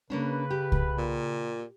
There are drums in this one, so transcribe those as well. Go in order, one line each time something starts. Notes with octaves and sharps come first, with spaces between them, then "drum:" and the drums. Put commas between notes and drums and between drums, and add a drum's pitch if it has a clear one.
C#3 A#3 C#4 D4 B4
G4
drum: kick C2
A#2